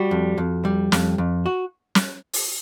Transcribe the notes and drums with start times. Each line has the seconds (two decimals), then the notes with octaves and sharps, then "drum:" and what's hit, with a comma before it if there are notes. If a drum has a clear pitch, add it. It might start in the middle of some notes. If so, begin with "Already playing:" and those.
Already playing: G3 F#4
0.11 F2
0.38 F2
0.65 G3
0.92 F2, drum: snare
1.18 F2
1.46 F#4
1.95 drum: snare
2.33 drum: open hi-hat